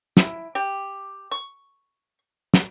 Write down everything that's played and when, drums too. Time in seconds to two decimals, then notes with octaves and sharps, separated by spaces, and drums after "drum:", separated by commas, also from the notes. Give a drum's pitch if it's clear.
0.17 E4, drum: snare
0.55 G4
1.31 C#6
2.54 drum: snare